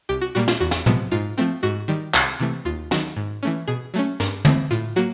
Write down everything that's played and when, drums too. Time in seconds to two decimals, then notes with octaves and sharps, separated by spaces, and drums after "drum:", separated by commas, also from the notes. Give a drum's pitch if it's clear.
0.09 C2 G4
0.21 F#4
0.35 A#2 G3 A#3 F#4
0.48 F4, drum: snare
0.60 E2 F#4
0.71 drum: snare
0.86 C3 F3 G#3 B3, drum: tom
1.11 G#2 F4
1.38 F3 A3 C4
1.63 G#2 F#4
1.88 D#3 G3
2.14 C2, drum: clap
2.40 C3 E3 A3
2.65 D#2 F4
2.91 D#3 F#3 F#4, drum: snare
3.16 G#2
3.43 E3 A3 C#4
3.68 B2 G#4
3.94 F#3 A3 C#4
4.20 G2 A#4, drum: snare
4.45 E3 A3 C4, drum: tom
4.71 A2 F4
4.96 F#3 A#3 F#4